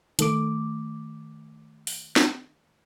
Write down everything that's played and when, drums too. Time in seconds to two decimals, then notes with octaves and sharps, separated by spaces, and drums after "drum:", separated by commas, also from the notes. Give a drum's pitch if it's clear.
0.19 D#3 A3 D6, drum: hi-hat
1.87 drum: open hi-hat
2.16 drum: snare